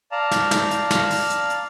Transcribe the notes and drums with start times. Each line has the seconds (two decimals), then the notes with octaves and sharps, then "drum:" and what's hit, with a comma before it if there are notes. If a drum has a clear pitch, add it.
0.12 D5 F5 A5 A#5
0.31 drum: snare
0.51 drum: snare
0.71 drum: hi-hat
0.91 drum: snare
1.10 drum: open hi-hat
1.30 drum: hi-hat
1.50 drum: hi-hat